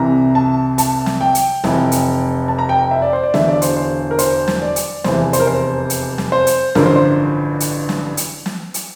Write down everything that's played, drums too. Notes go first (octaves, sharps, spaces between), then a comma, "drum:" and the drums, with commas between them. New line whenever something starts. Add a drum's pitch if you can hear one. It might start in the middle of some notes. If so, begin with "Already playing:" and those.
Already playing: C2 C3 E3 A#5
A5
A5, drum: hi-hat
drum: snare
G5
drum: hi-hat
F1 F2 E3, drum: snare
drum: hi-hat
A5
A#5
G5
E5
D5
C5
D5
E1 E2 D3 E5, drum: snare
D5
C5, drum: hi-hat
C5
A#4
C5, drum: hi-hat
drum: snare
D5
drum: hi-hat
F1 E2 E3 C5, drum: snare
C5, drum: hi-hat
A#4
C5
drum: hi-hat
drum: snare
C5
drum: hi-hat
A1 G2 D3 F3 A#4, drum: snare
C5
C5
drum: hi-hat
drum: snare
drum: hi-hat
drum: snare
drum: hi-hat